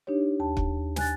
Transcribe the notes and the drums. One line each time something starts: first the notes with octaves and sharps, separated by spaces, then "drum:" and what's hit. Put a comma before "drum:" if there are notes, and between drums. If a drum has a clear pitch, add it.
D4 D#4 G4 C#5
D#2 A5
drum: kick
G#5 F#6 A6, drum: snare